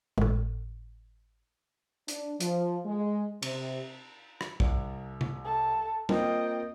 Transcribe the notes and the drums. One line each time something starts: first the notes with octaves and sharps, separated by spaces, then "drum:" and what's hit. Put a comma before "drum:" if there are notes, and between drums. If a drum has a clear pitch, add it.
G#1 A2
D4, drum: hi-hat
F3, drum: hi-hat
G#3
C3, drum: cymbal
drum: rim click
C2, drum: kick
drum: tom C3
A4
A#3 C4 F4 D#5 G5, drum: tom